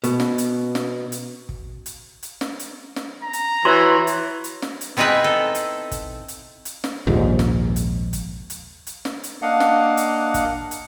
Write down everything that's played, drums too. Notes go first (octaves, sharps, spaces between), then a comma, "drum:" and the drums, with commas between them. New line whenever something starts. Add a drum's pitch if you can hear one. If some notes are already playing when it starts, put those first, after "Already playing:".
B2, drum: hi-hat
drum: snare
drum: hi-hat
drum: snare
drum: hi-hat
drum: kick
drum: hi-hat
drum: hi-hat
drum: snare
drum: hi-hat
drum: snare
A#5
drum: hi-hat
E3 F#4 C#5 C6
drum: hi-hat
drum: hi-hat
drum: snare
drum: hi-hat
B3 C4 D#4 E4 G#4 B4
A4
drum: hi-hat
drum: kick, hi-hat
drum: hi-hat
drum: hi-hat
drum: snare
A#1 D#2 G#2
drum: snare
drum: hi-hat
drum: kick, hi-hat
drum: hi-hat
drum: hi-hat
drum: snare
drum: hi-hat
A#3 D4 D#5 F5 F#5
drum: snare
drum: hi-hat
drum: kick, hi-hat
drum: hi-hat